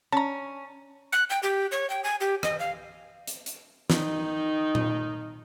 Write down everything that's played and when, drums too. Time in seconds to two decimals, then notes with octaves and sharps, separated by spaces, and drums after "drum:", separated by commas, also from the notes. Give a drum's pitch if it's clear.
0.12 C#4 A5 A#5
1.13 F#6
1.30 G5
1.43 G4
1.72 C#5
1.90 G5
2.04 G#5
2.21 G4
2.43 D#5, drum: rim click
2.59 F5
3.27 drum: hi-hat
3.46 drum: hi-hat
3.90 D#3 D#4, drum: snare
4.75 drum: tom A#2